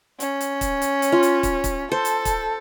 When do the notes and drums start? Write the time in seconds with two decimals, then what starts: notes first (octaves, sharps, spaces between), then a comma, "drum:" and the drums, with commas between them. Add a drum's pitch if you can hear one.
0.20 C#4, drum: hi-hat
0.41 drum: hi-hat
0.61 drum: kick, hi-hat
0.82 drum: hi-hat
1.02 drum: hi-hat
1.12 F4
1.23 drum: hi-hat
1.43 drum: kick, hi-hat
1.64 drum: kick, hi-hat
1.92 A4 C5
2.05 drum: hi-hat
2.25 drum: kick, hi-hat